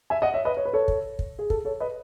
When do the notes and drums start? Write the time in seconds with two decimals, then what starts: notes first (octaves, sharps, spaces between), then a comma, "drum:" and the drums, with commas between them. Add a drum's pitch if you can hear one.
0.10 E5 G#5
0.22 D#5 F#5
0.34 C#5 E5
0.45 B4 D#5
0.57 C#5
0.65 B4
0.73 A4 C#5
0.88 drum: kick
1.19 drum: kick
1.39 G#4
1.50 A4, drum: kick
1.65 A4 C#5
1.80 B4 D#5